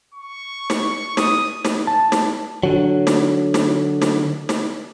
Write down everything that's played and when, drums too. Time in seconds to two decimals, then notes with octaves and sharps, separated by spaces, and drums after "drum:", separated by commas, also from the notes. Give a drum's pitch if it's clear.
0.14 C#6
0.70 drum: snare
1.17 D#6, drum: snare
1.65 drum: snare
1.87 A5
2.12 drum: snare
2.63 D3 F#3
3.07 drum: snare
3.54 drum: snare
4.02 drum: snare
4.49 drum: snare